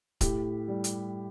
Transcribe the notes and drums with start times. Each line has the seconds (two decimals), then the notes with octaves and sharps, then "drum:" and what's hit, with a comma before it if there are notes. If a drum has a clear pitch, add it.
0.21 A2 G4, drum: kick C#1, hi-hat
0.68 G3
0.84 drum: hi-hat